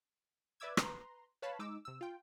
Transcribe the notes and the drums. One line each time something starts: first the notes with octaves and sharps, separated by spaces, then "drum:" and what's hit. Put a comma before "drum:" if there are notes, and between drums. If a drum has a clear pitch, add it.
B4 D5 E5 D6 E6 G#6
B4 A#5 C6, drum: rim click
B4 C#5 F5 A5 B5
G#3 D#4 D6 E6
C3 E6
F4 G5